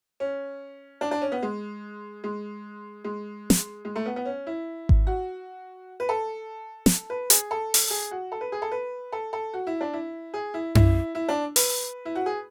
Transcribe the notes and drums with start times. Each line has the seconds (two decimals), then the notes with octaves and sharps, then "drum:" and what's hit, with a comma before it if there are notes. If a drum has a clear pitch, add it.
0.20 C#4
1.01 D4
1.11 D4
1.22 C#4
1.32 B3
1.42 G#3
2.24 G#3
3.04 G#3
3.50 drum: snare
3.85 G#3
3.96 A3
4.06 B3
4.16 B3
4.25 C#4
4.47 E4
4.89 drum: kick G#1
5.07 F#4
6.00 B4
6.09 A4
6.86 drum: snare
7.10 B4
7.30 G#4, drum: hi-hat
7.51 A4
7.74 drum: open hi-hat
7.91 G#4
8.11 F#4
8.32 A4
8.41 B4
8.52 G#4
8.62 A4
8.72 B4
9.12 A4
9.33 A4
9.53 F#4
9.67 E4
9.81 D4
9.93 E4
10.34 G#4
10.54 E4
10.75 E4, drum: tom F#2
11.15 E4
11.29 D4
11.56 B4, drum: open hi-hat
12.05 E4
12.15 F#4
12.26 G#4